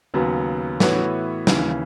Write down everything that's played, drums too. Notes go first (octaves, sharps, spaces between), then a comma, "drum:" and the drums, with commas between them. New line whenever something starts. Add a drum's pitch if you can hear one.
D#2 C#3 F#3 B3
A2 E3 B3 F#4 C#5, drum: snare
D#2 C#3 E3, drum: snare